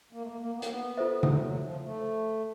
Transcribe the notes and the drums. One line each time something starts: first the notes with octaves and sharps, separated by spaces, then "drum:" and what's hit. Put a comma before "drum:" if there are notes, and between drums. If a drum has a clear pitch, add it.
A#3
A3
A#3
A#3
B3
A#3, drum: hi-hat
B3
F4 A4 C5 E5
drum: tom C#3
F#3
F3
A3